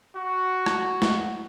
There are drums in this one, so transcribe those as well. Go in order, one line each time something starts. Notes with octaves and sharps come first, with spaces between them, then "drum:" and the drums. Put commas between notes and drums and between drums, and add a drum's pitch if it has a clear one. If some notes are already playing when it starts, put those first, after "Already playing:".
F#4
drum: rim click
drum: snare A3